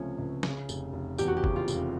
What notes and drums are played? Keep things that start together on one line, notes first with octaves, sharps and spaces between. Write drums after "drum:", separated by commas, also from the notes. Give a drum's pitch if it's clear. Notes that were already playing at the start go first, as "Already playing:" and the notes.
Already playing: C#2 C3 F3 A3 C#4
C#2
C#3, drum: snare
F1, drum: tambourine
F1
E2 G4, drum: tambourine
F#4
G4
C#3, drum: kick
F4
F1, drum: tambourine